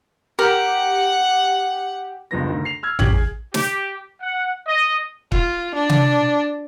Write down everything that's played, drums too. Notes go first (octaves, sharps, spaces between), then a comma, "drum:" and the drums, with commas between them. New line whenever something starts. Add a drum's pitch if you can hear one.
G4 A#4 F#5
F#1 C#2 G2 F3 B3 A#6
D2 D#3
C7 F7
E6 F6 G#6
F#3 C#4 G4 G#6 F#7, drum: tom A1
G#4
G4, drum: snare
F#5
D#5
F4, drum: kick
D4
drum: tom C3